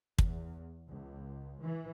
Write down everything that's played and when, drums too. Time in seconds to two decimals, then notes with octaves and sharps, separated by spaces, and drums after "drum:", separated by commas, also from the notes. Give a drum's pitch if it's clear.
0.18 E2, drum: kick
0.88 C#2
1.61 E3